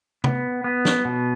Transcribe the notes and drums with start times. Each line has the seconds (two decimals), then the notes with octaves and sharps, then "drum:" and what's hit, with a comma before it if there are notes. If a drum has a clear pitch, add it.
0.24 B3, drum: tom
0.64 B3
0.85 drum: snare
1.05 B2